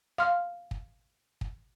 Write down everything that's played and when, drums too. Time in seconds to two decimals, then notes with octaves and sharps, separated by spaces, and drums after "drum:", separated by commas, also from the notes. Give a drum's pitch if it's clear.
0.18 F5 C6 F6
0.71 drum: kick
1.41 drum: kick